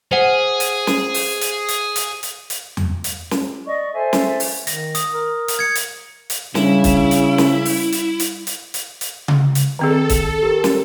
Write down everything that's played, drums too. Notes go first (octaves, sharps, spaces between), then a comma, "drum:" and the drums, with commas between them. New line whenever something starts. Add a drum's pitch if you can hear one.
G#4 C5 F#5
drum: hi-hat
drum: snare
drum: open hi-hat
drum: hi-hat
drum: hi-hat
drum: hi-hat
drum: hi-hat
drum: hi-hat
drum: tom E2
drum: hi-hat
drum: snare
D5 D#5 C#6
A4 C5 E5 G#5
drum: snare
drum: open hi-hat
D#3 A#6, drum: hi-hat
D#6, drum: hi-hat
A#4
drum: hi-hat
G#6 C#7
drum: hi-hat
drum: hi-hat
C#3 G3 D4 E4, drum: snare
drum: kick, hi-hat
drum: hi-hat
drum: snare
drum: open hi-hat
drum: hi-hat
drum: hi-hat
drum: hi-hat
drum: hi-hat
drum: hi-hat
drum: tom C#3
drum: hi-hat
D#3 C4 G#4 A4
drum: kick, hi-hat
G4 A#4
drum: snare